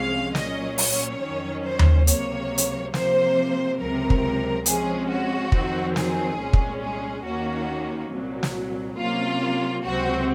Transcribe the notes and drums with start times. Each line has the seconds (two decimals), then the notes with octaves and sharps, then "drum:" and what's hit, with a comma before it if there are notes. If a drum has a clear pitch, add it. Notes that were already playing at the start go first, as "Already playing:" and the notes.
Already playing: C2 C3 F3 G#3 C#4 F5
0.35 A#2 F#3 C#4 D#5, drum: snare
0.78 C#5, drum: open hi-hat
1.22 F2 D#3 F#3 C#4
1.64 C5
1.79 drum: tom D#2
2.07 C#2 C3 F#3 A#3 C#5, drum: hi-hat
2.58 drum: hi-hat
2.94 C3 F3 A#3 C5, drum: snare
3.79 C#2 C3 F#3 A#4
4.10 drum: kick
4.66 C3 F3 G#3 C#4 G#4, drum: hi-hat
5.09 F#4
5.52 F2 D#3 F#3 C4, drum: kick
5.96 G#4, drum: snare
6.38 C2 A#2 G#3 C#4
6.53 drum: kick
6.81 G#4
7.24 D#2 D#3 A#3 C#4 F#4
8.10 C2 A#2 F#3
8.43 drum: snare
8.96 C3 F#3 A#3 C#4 F4
9.83 C#2 C3 F#3 C4 F#4